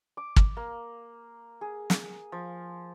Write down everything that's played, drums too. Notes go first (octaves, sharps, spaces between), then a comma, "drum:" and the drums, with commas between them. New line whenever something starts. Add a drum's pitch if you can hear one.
D6
drum: kick
A#3
G#4
drum: snare
F3